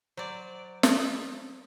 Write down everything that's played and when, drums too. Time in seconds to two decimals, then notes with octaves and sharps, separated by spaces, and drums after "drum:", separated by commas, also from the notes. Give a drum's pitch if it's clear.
0.17 F#3 C5 D5
0.83 drum: snare